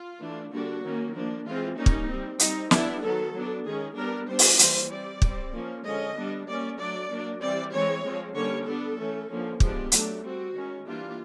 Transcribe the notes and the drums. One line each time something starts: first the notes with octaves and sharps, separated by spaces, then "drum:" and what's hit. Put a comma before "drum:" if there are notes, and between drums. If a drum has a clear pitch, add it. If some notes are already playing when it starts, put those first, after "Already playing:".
Already playing: F4
E3 A3 D4
D3 G3 A#3 D4 F#4
D#3 F#3 A#3 C#4
F3 A#3 D4
E3 G#3 C4 F4
G3 A#3 C#4 D#4
drum: kick
G3 C4
G3 C4 D#4, drum: hi-hat
G3 B3 D4 E4, drum: snare
D#3 F#3 B3 A4
F#3 B3 D4
D#3 G#3 C#4 G#4
G3 B3 D4 A#4
G3 B3 D4 C5
drum: open hi-hat
E3 G3 A#3 C5, drum: hi-hat
G3 C4 D5
G3 C4, drum: kick
F3 A#3 C#4
D3 F3 G#3 C#4 D#5
G3 B3 D4
G3 A#3 C#4 D5
F#3 A3 D4 D5
F#3 A#3 D4
E3 G3 C4 D5
E3 G#3 C4 C#5
F3 G#3 C4
D3 G3 A#3 C#4 C#5
G3 B3 D4 A4
E3 A3 C#4
D3 F3 A#3 C#4
F3 G#3 B3 D4 G4, drum: kick
F#3 A3 D4, drum: hi-hat
G3 C4 F#4
D#3 G#3 C#4
E3 G3 A#3 D4 F4